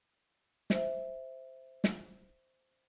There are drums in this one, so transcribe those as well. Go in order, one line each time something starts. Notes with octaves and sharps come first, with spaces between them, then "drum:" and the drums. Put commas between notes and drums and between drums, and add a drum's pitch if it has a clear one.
C5 E5, drum: snare
drum: snare